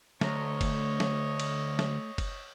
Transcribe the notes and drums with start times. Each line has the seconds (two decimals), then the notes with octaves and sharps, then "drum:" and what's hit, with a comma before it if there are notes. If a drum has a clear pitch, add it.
0.21 D2 A3 C#5 D#5 A#5, drum: snare
0.61 drum: kick F#1, cymbal
1.00 drum: snare
1.40 drum: cymbal
1.79 drum: snare
2.18 drum: kick F#1, cymbal